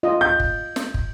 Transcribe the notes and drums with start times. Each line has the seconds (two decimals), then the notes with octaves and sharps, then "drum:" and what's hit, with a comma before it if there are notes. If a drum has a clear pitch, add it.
0.03 F4 D#5
0.21 G6
0.40 drum: kick
0.76 drum: snare
0.94 drum: kick